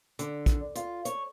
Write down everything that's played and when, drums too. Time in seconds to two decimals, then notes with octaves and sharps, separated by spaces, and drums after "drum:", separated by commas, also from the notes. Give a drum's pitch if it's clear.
0.19 D3, drum: hi-hat
0.46 drum: kick, hi-hat
0.75 F4, drum: hi-hat
1.05 C#5, drum: hi-hat